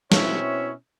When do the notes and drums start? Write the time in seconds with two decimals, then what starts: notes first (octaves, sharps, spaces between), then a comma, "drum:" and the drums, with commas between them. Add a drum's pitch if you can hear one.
0.12 B2 C4 C#4 E4 C#5 E5, drum: snare